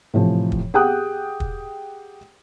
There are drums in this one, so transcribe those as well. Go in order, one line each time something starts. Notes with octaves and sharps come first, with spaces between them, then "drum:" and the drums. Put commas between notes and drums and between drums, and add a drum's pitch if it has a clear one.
A2 C3 E3 F3
drum: kick
G4 G#4 F#5 G5 D#6 F#6
drum: kick